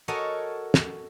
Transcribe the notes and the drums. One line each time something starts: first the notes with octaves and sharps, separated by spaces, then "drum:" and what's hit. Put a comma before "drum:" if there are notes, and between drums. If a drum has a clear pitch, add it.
F#4 A4 A#4 C#5 D#5 G#5
drum: snare